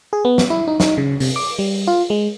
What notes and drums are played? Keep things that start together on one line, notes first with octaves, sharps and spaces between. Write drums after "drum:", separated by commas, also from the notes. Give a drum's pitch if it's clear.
G#4
B3
drum: snare
E4
D#4
D#4, drum: snare
C#3
C3, drum: open hi-hat
D6
G3
F4
G#3